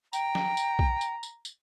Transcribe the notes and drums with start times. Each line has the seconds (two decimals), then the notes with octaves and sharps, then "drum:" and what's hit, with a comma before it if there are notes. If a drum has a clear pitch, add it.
0.13 G5 A#5, drum: tambourine
0.35 drum: snare
0.57 drum: tambourine
0.79 drum: kick B1
1.01 drum: tambourine
1.23 drum: tambourine
1.45 drum: tambourine